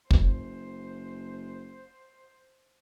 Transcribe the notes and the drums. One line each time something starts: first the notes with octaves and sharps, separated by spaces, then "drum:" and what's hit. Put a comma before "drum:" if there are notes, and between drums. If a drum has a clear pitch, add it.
F#1 C5, drum: kick